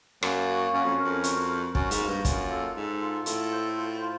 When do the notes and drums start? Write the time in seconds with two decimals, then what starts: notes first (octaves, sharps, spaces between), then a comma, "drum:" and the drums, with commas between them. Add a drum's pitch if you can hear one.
0.23 F#2 A#3, drum: rim click
0.48 F#4
0.73 F#2 C#4
0.85 F2
0.99 A#4
1.05 F2
1.24 F#4, drum: hi-hat
1.49 A#4
1.75 F#2 F#4, drum: kick
1.91 G#2, drum: hi-hat
2.00 A#3
2.08 G2
2.25 F#2 F4, drum: kick, hi-hat
2.51 A4
2.75 G#2 A4
3.01 F4
3.26 A2 A4, drum: hi-hat
3.52 C5
3.77 F4
4.01 F4